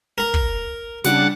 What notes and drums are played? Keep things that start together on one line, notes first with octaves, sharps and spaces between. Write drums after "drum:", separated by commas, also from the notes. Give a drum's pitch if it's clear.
A#4 A#5
drum: kick
C#3 G3 D4 F#5 D6 F#6, drum: snare